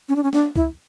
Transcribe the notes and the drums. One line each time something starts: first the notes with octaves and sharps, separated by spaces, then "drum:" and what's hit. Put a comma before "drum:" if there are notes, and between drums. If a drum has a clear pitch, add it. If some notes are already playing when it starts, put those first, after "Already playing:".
C#4
D4
C#4
D4, drum: snare
E4, drum: kick